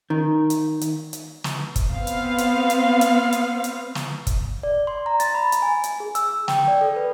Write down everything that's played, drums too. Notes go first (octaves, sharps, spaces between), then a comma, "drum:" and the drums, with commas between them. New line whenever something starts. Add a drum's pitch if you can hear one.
D#3
drum: hi-hat
drum: hi-hat
drum: hi-hat
drum: snare
drum: kick, hi-hat
B3 C4 F5
drum: hi-hat
drum: hi-hat
drum: hi-hat
drum: hi-hat
drum: hi-hat
drum: hi-hat
drum: snare
drum: kick, hi-hat
D5
C6
A#5
A6, drum: hi-hat
B5
drum: hi-hat
G#5
drum: hi-hat
G#4
E6, drum: hi-hat
G5, drum: snare
D5
A4
B4